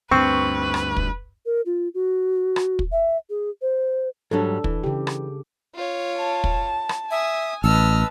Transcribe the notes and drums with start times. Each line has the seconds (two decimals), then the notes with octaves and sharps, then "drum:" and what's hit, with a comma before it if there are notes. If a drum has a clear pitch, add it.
0.11 D2 G2 C4 B4 C#6
0.74 drum: rim click
0.97 drum: kick
1.46 A#4
1.66 F4
1.94 F#4
2.56 drum: rim click
2.79 drum: kick
2.92 E5
3.30 G#4
3.62 C5
4.31 G#2 F#3 G3 D4 A4
4.64 E3, drum: kick
4.84 C#3 G4
5.07 drum: rim click
5.75 F4 C#5
6.17 A5
6.44 drum: kick
6.89 drum: rim click
7.11 E5 G#5 D#6
7.64 A1 B4 D#5 A5 E6 F6